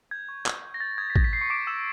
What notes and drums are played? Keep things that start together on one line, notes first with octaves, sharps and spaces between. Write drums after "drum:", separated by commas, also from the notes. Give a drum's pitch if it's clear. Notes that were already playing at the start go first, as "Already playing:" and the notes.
G6 G#6
C#6
C#6, drum: clap
G6
A#6
G6 A6
D#6 G#6
B6
D#6 A#6, drum: kick
B6
G6 C7
C#6 C#7
D6 D7
D6 E6 E7